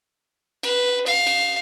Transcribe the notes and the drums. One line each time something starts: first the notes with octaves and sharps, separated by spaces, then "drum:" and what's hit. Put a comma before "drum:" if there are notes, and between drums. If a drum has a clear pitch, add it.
B4, drum: cymbal
F5, drum: cymbal
drum: cymbal